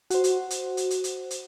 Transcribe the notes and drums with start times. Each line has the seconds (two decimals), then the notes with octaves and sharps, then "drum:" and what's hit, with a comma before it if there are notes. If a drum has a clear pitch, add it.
0.10 F#4 C5, drum: hi-hat
0.24 drum: hi-hat
0.50 drum: hi-hat
0.77 drum: hi-hat
0.91 drum: hi-hat
1.04 drum: hi-hat
1.31 drum: hi-hat